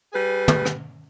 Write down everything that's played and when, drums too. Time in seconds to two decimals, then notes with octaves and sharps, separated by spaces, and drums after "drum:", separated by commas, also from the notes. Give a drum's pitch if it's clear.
0.13 G3 G#4 B4
0.48 drum: tom
0.65 drum: rim click